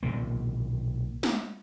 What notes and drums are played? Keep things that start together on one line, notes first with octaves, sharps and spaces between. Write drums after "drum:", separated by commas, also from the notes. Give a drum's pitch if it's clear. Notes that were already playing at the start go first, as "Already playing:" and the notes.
B1 A#2 D#3 A#3
drum: snare